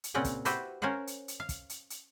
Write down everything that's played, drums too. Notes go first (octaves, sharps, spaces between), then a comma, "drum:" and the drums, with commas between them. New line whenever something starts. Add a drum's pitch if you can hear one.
drum: hi-hat
A#2 C#3 C4 C#4 F#5 G5
drum: kick, hi-hat
E4 F#4 G4 B4 C5 E5, drum: hi-hat
C#4 A#4 C5 F5 F#5
drum: hi-hat
drum: hi-hat
F5
drum: kick, hi-hat
drum: hi-hat
drum: hi-hat